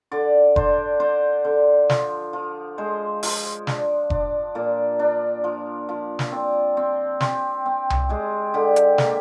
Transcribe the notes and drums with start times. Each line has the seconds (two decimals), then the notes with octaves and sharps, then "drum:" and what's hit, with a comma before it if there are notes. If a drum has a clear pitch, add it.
0.12 D3 D5
0.56 D4 C5, drum: kick F1
1.00 D4 C5
1.45 D3
1.90 F3, drum: snare
2.33 F3
2.78 G#3 C5
3.23 F3, drum: open hi-hat
3.67 D4, drum: snare
4.10 D4, drum: kick F1
4.55 A#2 D5
4.99 D4
5.44 F3
5.89 F3
6.19 drum: snare
6.32 C4 D5
6.77 C4
7.20 C4 G4, drum: snare
7.66 C4
7.90 drum: tom C2
8.09 G#3 G4
8.54 D3 G4
8.76 drum: hi-hat
8.98 A#3 G4, drum: snare